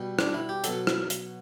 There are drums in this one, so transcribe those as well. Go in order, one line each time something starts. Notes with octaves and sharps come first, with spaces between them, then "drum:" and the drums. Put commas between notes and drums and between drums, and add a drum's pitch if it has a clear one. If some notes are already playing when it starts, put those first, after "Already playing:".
Already playing: B2 G3
D4, drum: rim click
E4
G4
B2 F#3 A4, drum: hi-hat
drum: rim click
drum: hi-hat